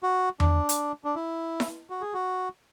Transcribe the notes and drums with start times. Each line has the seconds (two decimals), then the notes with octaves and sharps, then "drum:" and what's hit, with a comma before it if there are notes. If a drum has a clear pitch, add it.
0.03 F#4
0.40 D4, drum: tom E2
0.69 drum: hi-hat
1.04 D4
1.15 E4
1.60 drum: snare E4
1.90 F#4
2.01 G#4
2.14 F#4